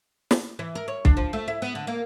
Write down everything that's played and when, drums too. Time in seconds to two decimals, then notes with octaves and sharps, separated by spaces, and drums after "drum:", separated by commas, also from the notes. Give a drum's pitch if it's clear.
0.31 drum: snare
0.59 E3
0.75 A#4
0.88 C#5
1.05 D4, drum: kick B1
1.17 F3
1.33 A3
1.48 E4
1.62 B3
1.75 D3
1.87 A#3